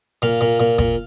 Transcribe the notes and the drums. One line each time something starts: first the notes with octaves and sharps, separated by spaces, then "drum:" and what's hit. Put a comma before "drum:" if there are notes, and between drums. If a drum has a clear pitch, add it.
A#2 F5
A#2
A#2
A#2, drum: kick